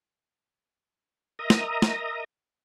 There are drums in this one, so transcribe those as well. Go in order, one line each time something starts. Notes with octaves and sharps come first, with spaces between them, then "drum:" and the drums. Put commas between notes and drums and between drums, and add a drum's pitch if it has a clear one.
A#4 D#5 E5 A#5 D#6
drum: snare
drum: snare